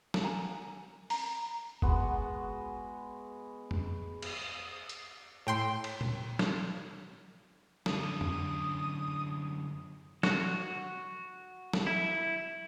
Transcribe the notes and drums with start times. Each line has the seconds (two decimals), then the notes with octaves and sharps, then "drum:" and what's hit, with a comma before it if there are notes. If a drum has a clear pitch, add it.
0.14 drum: snare
0.23 F#5 G#5 A#5
1.10 A#5 B5, drum: open hi-hat
1.82 G#3 B3 F#4 B4, drum: kick F#1
3.71 drum: tom F2
4.22 drum: cymbal
4.89 drum: hi-hat
5.47 A2 G5 C6
5.84 drum: cymbal
6.01 drum: tom A#2
6.39 drum: snare
7.86 F#2 D3 D#6, drum: snare
8.21 drum: tom F2
10.23 F#4, drum: snare
11.73 drum: snare
11.87 E4